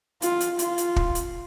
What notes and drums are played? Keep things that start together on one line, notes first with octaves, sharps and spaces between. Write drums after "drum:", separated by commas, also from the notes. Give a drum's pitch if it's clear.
F4, drum: hi-hat
drum: hi-hat
F4, drum: hi-hat
drum: hi-hat
drum: kick
drum: hi-hat